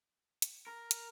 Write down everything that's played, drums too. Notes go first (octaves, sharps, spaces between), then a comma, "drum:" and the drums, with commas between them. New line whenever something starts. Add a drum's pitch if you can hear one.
drum: hi-hat
A#4
drum: hi-hat